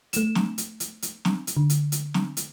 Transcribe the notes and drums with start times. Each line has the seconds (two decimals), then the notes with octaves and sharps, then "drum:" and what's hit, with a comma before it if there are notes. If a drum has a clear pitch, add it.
0.13 A3 E7, drum: hi-hat
0.35 drum: snare
0.58 drum: hi-hat
0.80 drum: hi-hat
1.02 drum: hi-hat
1.25 drum: snare
1.47 drum: hi-hat
1.57 D3
1.70 drum: hi-hat
1.92 drum: hi-hat
2.14 drum: snare
2.37 drum: hi-hat